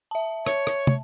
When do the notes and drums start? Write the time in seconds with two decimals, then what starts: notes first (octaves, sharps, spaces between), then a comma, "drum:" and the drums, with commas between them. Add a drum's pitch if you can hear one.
0.11 E5 A5
0.46 C#5, drum: rim click
0.67 drum: rim click
0.87 drum: tom